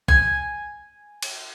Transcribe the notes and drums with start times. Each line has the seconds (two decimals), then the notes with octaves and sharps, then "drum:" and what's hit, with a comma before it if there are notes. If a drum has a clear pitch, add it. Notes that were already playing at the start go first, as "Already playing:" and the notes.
0.08 G#5 G#6, drum: kick
1.22 drum: cymbal